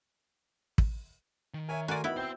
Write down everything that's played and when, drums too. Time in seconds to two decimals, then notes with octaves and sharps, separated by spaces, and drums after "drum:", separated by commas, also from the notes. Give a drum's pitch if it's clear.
0.78 drum: kick
1.54 D#3
1.68 A#4 C#5 E5 G#5
1.88 A3 F#4 A#4 D5 G#5 C6
2.04 D#3 B3 E4 B5
2.17 C4 C5 G5 E6 G6